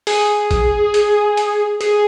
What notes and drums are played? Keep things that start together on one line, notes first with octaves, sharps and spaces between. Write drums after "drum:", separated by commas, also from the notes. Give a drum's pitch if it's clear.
G#4, drum: open hi-hat
drum: kick A1, hi-hat
drum: hi-hat
drum: hi-hat
G#4, drum: hi-hat